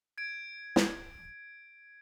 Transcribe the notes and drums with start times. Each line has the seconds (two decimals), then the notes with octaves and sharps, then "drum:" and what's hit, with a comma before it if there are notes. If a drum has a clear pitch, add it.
0.18 G#6 D7
0.76 drum: snare